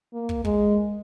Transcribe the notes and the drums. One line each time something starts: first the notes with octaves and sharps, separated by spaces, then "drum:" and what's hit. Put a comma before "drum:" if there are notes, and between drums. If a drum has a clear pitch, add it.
A#3
drum: kick
G#3, drum: kick